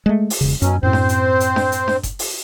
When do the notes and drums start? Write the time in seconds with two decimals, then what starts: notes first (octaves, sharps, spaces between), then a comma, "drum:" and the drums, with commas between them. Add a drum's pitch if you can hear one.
0.06 G#3 A3
0.30 drum: open hi-hat
0.41 E1 C#3
0.62 F#2 B2 F#3 C#4, drum: hi-hat
0.83 F#2 A2 C4 C5
0.93 drum: snare D4
1.09 drum: hi-hat
1.40 drum: hi-hat
1.56 drum: snare D4
1.72 drum: hi-hat
1.88 drum: snare D4
2.03 drum: kick F#1, hi-hat
2.19 drum: open hi-hat